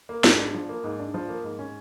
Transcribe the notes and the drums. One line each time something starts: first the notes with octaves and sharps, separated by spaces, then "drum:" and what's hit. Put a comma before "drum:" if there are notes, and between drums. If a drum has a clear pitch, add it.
A#3
G#2, drum: snare
D4
F3
A#3
G#2
D4
F3
A#3
G#2
C#4